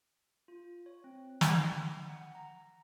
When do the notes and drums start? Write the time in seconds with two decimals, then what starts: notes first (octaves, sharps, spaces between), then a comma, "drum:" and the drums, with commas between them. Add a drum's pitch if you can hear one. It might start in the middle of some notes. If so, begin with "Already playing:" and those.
0.48 F4
0.86 C#5
1.04 C4
1.41 G5, drum: snare
1.70 G6
2.09 F#5
2.35 A#5